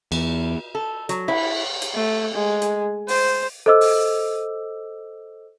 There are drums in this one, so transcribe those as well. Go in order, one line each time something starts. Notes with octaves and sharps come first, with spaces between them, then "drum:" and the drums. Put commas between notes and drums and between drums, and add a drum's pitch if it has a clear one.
E2, drum: cymbal
A4
F#3, drum: hi-hat
E4, drum: cymbal
drum: hi-hat
A3
G#3
drum: hi-hat
C5, drum: open hi-hat
A4 C5 D#5 D6 E6
drum: open hi-hat